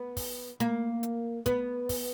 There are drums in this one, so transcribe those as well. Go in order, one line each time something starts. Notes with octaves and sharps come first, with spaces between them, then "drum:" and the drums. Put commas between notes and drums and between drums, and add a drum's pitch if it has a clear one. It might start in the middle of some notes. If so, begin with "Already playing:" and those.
Already playing: B3
drum: kick, open hi-hat
A#3, drum: hi-hat
drum: hi-hat
B3, drum: kick, hi-hat
drum: kick, open hi-hat